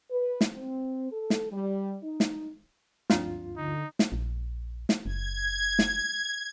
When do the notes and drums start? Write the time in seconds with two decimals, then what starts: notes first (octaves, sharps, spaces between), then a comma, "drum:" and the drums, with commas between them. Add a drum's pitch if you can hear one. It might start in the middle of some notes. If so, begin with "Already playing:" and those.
0.11 B4
0.41 drum: snare
0.53 C4
1.11 A4
1.30 drum: snare
1.52 G3
2.03 D#4
2.20 drum: snare
3.10 D2 G2 F3 C4 D4 F4, drum: snare
3.57 D3 D#4
3.99 drum: snare
4.12 A#1
4.89 drum: snare
5.06 F#1 G#6
5.79 drum: snare